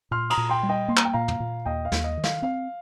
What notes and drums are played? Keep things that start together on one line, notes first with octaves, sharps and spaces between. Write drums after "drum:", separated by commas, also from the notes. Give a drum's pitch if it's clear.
A#2 C6 F6
A#5 D#6, drum: cymbal
A#2
G5 C6
G3
D#5 G5
A#3 C6
A#5, drum: clap
G5
A#2 F5 A#5
drum: tom
A#2
D#2 D#5 G5
F5
D#2, drum: snare
D#5
D#3
F5, drum: snare
C4 F5